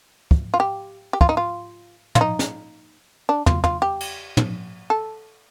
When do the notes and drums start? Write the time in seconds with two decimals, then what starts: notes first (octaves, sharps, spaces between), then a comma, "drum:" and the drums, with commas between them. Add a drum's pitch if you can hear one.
0.31 drum: kick
0.54 F4
0.60 G4
1.13 G4
1.21 F4, drum: kick
1.29 D#4
1.37 F4
2.15 F4, drum: tom
2.21 D#4
2.39 drum: snare
3.29 D4
3.46 F4, drum: tom
3.64 F4, drum: tom
3.82 G4
4.00 drum: cymbal
4.37 drum: tom
4.90 A4